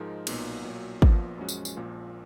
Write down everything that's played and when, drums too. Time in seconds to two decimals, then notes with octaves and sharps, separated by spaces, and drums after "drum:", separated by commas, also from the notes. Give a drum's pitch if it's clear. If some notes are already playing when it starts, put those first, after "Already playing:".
Already playing: G#2 F3 G#3 D#4 A#4
0.27 B1 A#2 F#3 B3 D#4, drum: cymbal
0.65 B1 A#2 F#3
1.02 A#1 A#2 F3 B3 F4, drum: kick G#1
1.38 F#2 F3 G#3 C#4 F#4
1.49 drum: tambourine
1.65 drum: tambourine
1.76 A#1 A#2 F3 A#3